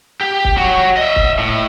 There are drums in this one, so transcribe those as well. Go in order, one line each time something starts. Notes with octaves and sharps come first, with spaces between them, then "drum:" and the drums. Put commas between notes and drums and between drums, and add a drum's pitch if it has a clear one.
G4
drum: kick C#1
F#4 C#5
D#5 E5
drum: kick C#1
A2